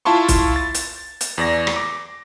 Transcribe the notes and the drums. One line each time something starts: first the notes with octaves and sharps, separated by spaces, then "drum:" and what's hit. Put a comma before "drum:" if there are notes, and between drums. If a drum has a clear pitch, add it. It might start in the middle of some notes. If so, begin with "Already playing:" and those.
E4 F4 A5 C6 C#6
drum: kick, hi-hat
A6
drum: hi-hat
drum: hi-hat
E2 D5 A#6
drum: rim click
D6